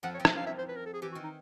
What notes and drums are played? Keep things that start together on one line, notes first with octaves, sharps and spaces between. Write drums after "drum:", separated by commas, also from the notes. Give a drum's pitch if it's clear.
F2 F3 F#5
C#5
F2 F3
E5, drum: rim click
F5
E5
C5
B4
A#4
A4
G#4
E3 G4
F#4
D#3
D#4